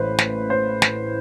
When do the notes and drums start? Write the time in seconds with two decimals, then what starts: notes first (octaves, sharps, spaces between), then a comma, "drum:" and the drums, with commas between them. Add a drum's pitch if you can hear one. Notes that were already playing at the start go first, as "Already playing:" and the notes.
Already playing: A1 A2 E3 B4 C5
0.18 drum: snare
0.50 C5
0.82 drum: snare